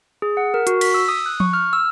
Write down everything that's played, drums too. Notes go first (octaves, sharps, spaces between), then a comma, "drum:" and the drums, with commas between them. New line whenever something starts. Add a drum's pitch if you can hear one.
G#4
F#5
A#4
F#4, drum: hi-hat
B6, drum: cymbal
E6
D#6
F#6
C#6, drum: tom F3
F6
E6